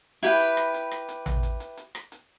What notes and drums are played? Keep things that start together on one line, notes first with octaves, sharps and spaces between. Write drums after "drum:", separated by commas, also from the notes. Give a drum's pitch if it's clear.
E4 G4 B4 G5, drum: hi-hat
drum: hi-hat
drum: rim click
drum: hi-hat
drum: rim click
drum: hi-hat
drum: tom A1
drum: hi-hat
drum: hi-hat
drum: hi-hat
drum: rim click
drum: hi-hat